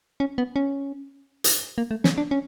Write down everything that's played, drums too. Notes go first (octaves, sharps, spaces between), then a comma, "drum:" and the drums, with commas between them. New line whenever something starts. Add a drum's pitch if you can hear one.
C#4
B3
C#4
drum: hi-hat
A#3
A3
C#4, drum: snare
D4
C#4